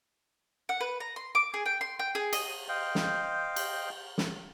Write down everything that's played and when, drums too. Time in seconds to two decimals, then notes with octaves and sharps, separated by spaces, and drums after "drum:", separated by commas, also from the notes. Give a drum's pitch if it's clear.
0.69 F#5
0.81 B4
1.00 A#5
1.16 C6
1.35 D6
1.54 G#4
1.66 G5
1.81 C6
1.99 G5
2.15 G#4
2.33 D#5, drum: cymbal
2.68 C5 D#5 F5 G5
2.95 drum: snare
3.56 drum: cymbal
4.18 drum: snare